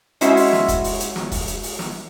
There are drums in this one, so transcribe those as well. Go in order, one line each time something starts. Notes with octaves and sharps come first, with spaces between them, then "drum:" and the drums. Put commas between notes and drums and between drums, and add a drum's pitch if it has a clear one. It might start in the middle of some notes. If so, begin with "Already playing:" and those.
G#3 C#4 E4 F#4 C5 E5, drum: hi-hat
drum: open hi-hat
drum: snare
drum: kick E1, hi-hat
drum: open hi-hat
drum: hi-hat
drum: snare
drum: kick E1, open hi-hat
drum: hi-hat
drum: open hi-hat
drum: snare